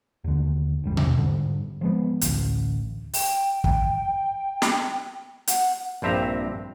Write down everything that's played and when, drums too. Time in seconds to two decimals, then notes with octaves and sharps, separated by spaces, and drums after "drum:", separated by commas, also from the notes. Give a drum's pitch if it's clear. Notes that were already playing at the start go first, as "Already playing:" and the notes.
0.24 D#2 D3
0.84 E1 A1 G3
0.97 E2, drum: tom B2
1.17 G#2 D3 G3
1.81 F3 G#3 B3
2.21 A1 D2, drum: hi-hat
3.13 G5, drum: open hi-hat
3.64 drum: kick
4.62 drum: snare
5.47 F#5, drum: hi-hat
6.02 A#1 G2 C4 E5 A#5